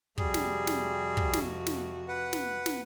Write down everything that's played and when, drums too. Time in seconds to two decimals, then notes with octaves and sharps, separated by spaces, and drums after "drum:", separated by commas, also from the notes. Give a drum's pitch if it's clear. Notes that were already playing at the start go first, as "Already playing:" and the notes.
0.18 F2 C3 G3 F#4 G#4, drum: kick
0.34 drum: snare
0.67 drum: snare
1.17 drum: kick
1.33 drum: snare
1.67 drum: snare
2.08 B4 F#5
2.33 drum: snare
2.66 drum: snare